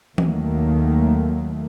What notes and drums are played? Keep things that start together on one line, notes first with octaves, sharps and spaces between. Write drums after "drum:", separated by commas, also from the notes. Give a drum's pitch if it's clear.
D#2 D#3 F#3 A3 A#3, drum: tom E3